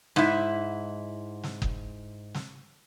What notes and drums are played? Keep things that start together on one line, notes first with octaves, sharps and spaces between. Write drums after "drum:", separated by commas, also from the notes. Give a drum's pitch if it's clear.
G#2 E4, drum: snare
drum: snare
drum: kick F#1
drum: snare